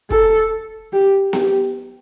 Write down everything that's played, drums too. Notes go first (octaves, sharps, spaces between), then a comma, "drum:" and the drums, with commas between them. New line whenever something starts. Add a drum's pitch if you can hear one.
A4, drum: kick
G4
G4, drum: snare B3